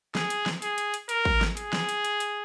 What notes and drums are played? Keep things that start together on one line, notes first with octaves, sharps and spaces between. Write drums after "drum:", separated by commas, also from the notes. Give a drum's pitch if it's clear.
G#4, drum: snare
drum: hi-hat
drum: snare
G#4, drum: hi-hat
drum: hi-hat
drum: hi-hat
A#4, drum: hi-hat
drum: kick
drum: snare
G#4, drum: hi-hat
drum: snare
drum: hi-hat
drum: hi-hat
drum: hi-hat